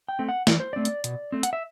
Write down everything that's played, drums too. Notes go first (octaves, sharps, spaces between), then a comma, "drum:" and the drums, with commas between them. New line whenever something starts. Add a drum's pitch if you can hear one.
G5
A3 C4
F#5
E3 D5, drum: snare
C5
A3 C4 D5
drum: hi-hat
B2, drum: hi-hat
A3 C4
F#5, drum: hi-hat
E5